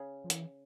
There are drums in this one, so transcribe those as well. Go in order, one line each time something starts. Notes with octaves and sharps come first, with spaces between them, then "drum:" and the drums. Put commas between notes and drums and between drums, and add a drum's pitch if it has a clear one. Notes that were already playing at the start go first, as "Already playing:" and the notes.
Already playing: C#3
F3
E3, drum: hi-hat